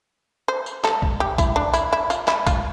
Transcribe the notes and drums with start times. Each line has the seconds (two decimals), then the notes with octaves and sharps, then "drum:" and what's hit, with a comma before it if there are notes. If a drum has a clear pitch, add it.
0.48 C5
0.66 drum: tambourine
0.84 A4, drum: clap
1.02 drum: kick
1.20 G4
1.38 E4, drum: kick, tambourine
1.56 D4
1.73 E4, drum: tambourine
1.93 E4
2.10 F4, drum: tambourine
2.28 E4, drum: clap
2.46 F4, drum: kick, tambourine